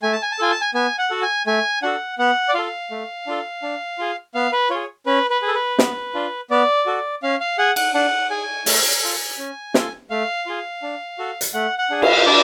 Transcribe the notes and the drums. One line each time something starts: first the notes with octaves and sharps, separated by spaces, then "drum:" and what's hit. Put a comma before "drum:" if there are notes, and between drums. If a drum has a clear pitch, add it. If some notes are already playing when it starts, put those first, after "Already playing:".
A3 G#5
A5
G#5
A5
F4 A4 G#5
A5
G#5
B3 G#5
F#5
F#4 A4
G#5
A3 G#5
D4 F#4 A4 F#5
B3 F#5
D5
F4 A4 F5
A3
D4 F4 A4
D4
F4 G#4
B3 F5
B4
F4 G#4 C#5
C#4 B4
B4
G#4
A4
B4
B3, drum: snare
D4 F4
B3 D5
F#4 A4
C#4 F5
F5
G#4 F#5
F#5, drum: cymbal
D4 F#5
G#4 G#5
A3, drum: open hi-hat
F4 A4
C#4
F4 A4, drum: snare
A3 F5
F4 G#4
D4
F#4 A4
drum: hi-hat
A3 F#5
F#5
D4 G#4
F5, drum: cymbal
D4 D5